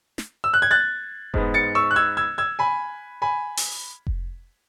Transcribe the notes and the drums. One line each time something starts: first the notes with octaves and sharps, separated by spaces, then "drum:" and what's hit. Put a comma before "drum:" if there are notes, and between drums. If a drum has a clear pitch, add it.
drum: snare
E6
F#6
G#6
F#6 A6
G#2 G#3 B3, drum: kick F1
A6 C#7
C#6 E6
F#6
E6 G#6
E6 G#6
E6 G#6
G#5 B5
G#5 B5
drum: open hi-hat
drum: kick F1